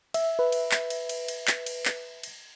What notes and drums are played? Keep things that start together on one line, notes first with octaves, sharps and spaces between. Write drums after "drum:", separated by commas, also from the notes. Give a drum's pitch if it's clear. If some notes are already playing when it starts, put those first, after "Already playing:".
E5, drum: cymbal
B4
drum: cymbal
drum: clap
drum: cymbal
drum: cymbal
drum: cymbal
drum: clap
drum: cymbal
drum: clap
drum: cymbal